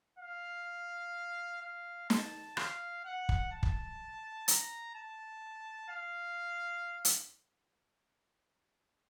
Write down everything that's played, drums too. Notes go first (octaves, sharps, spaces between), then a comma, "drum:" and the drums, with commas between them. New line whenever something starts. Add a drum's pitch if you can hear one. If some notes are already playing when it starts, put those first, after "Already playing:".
F5
F5
A5, drum: snare
F5, drum: rim click
F#5
drum: kick
A5
drum: kick
A#5, drum: hi-hat
A5
F5
drum: hi-hat